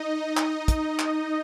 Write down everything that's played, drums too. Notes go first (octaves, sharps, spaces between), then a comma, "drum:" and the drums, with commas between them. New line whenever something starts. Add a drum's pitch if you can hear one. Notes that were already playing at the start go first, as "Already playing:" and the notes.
Already playing: D#4 D#5
drum: clap
drum: kick, hi-hat
drum: clap